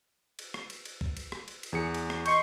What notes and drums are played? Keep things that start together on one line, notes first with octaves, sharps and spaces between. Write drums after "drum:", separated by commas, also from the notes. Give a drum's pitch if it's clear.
drum: cymbal
drum: rim click
drum: cymbal
drum: cymbal
drum: kick C2
drum: cymbal
drum: rim click
drum: cymbal
drum: cymbal
E2 G#4 C#7
drum: cymbal
drum: rim click
D#5 C6 C#6 G6 C#7, drum: cymbal